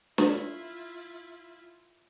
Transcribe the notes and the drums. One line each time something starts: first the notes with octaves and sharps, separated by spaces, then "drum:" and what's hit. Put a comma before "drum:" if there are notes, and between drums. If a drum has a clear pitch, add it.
E4 F4, drum: snare